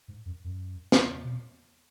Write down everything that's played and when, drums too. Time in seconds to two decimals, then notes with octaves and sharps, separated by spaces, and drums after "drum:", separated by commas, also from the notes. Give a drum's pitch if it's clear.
0.08 G#2
0.26 F#2
0.44 F#2
0.92 drum: snare
1.24 B2